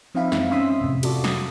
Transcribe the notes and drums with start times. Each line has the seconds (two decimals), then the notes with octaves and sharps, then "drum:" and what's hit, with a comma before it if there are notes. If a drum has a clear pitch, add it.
0.15 F3 C4 D#4 E5 F5 B5
0.32 F#2 E3 G#3 C4 D#4, drum: snare
0.51 C#4 E5 C6 D#6 E6 B6
0.81 F2 A2 C3
1.03 F4 F#4 A4 D5, drum: cymbal
1.24 D#6, drum: snare